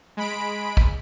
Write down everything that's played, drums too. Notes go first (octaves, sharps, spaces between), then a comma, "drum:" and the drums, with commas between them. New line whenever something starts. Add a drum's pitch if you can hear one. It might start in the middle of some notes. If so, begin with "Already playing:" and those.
G#3 B5 D7
drum: kick